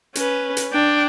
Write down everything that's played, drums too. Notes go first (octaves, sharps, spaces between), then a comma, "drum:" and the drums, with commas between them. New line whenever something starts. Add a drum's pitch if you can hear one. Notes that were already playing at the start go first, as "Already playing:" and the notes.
C#4 B4, drum: hi-hat
drum: hi-hat
D4 G5